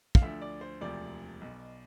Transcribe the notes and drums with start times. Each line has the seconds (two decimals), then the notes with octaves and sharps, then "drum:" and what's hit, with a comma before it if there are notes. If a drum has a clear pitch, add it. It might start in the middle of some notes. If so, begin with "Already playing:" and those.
0.15 F5, drum: kick
0.21 D2 D3 F3 E5
0.42 D5
0.61 C5
0.81 E1 D2 C3 F3 D5
1.41 B1 B2